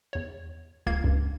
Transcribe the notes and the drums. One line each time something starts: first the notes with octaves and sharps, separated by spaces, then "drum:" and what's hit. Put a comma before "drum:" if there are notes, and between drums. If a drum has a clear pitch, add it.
E2 C#5
C#2 A#3 G#6, drum: kick D1
C#2 G2